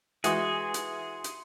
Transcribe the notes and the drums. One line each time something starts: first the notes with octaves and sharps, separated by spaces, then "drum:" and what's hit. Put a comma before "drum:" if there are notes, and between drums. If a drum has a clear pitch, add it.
E3 G#3 F#4 G#4 E5 C6 D#6 C#7, drum: hi-hat
drum: hi-hat
drum: hi-hat